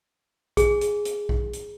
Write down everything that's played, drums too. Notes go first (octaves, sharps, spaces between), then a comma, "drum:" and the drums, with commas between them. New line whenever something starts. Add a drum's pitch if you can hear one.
G#4, drum: kick A#1, hi-hat
drum: hi-hat
drum: hi-hat
drum: kick A#1
drum: hi-hat